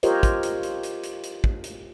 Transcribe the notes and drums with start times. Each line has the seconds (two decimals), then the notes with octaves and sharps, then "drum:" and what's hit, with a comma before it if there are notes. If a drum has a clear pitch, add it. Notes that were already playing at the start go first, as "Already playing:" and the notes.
0.03 F4 G4 A#4 C5 C#5 D#5, drum: hi-hat
0.23 drum: kick, hi-hat
0.43 drum: hi-hat
0.63 drum: hi-hat
0.83 drum: hi-hat
1.04 drum: hi-hat
1.24 drum: hi-hat
1.44 drum: kick
1.64 drum: hi-hat